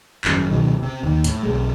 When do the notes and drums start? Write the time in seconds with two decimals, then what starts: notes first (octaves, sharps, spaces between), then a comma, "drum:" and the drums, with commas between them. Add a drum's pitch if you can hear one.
0.24 G#1 F#2, drum: clap
0.51 C#2 B2 D#3 F#3
0.82 C3
1.03 D#2 D#3
1.24 A2, drum: hi-hat
1.43 B1 G#3